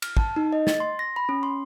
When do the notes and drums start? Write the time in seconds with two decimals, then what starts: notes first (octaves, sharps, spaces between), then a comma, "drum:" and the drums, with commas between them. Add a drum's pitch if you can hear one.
0.02 F6, drum: cymbal
0.17 A5, drum: kick
0.36 D#4
0.53 D#5
0.67 A6, drum: snare
0.80 C6
0.99 A#6
1.16 B5
1.29 C#4
1.43 C6